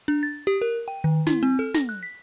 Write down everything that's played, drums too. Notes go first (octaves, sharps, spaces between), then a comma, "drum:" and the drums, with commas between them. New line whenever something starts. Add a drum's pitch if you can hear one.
D4
A6
G4
A#4
G5
D#3
E4, drum: snare
C4
A4
A#6, drum: snare
F#6
B6